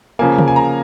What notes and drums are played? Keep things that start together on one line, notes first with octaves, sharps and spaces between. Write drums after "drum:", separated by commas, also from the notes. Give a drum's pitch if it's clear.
C#3 F3 A#3 G#5
drum: tom C3
G#5
A#5